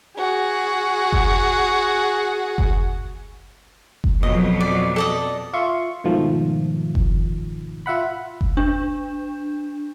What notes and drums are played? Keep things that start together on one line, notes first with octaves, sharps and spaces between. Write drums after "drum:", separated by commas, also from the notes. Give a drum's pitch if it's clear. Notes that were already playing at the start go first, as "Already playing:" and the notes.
F#4 G#4
drum: kick F#1
drum: kick F#1
drum: kick F#1
F2 B2 F#3 D#5
D5
A4 D5 D#5
F4 E5 C6 C#6
G#2 B2 D#3 F3 A3
drum: kick F#1
F4 E5 F#5 B5
drum: kick F#1
D4